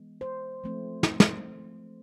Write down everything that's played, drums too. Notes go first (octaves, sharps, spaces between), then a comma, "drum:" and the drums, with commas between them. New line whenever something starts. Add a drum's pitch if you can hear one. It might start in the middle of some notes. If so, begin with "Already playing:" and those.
Already playing: E3 G#3 B3
C5
F3 A3 C4
drum: snare
drum: snare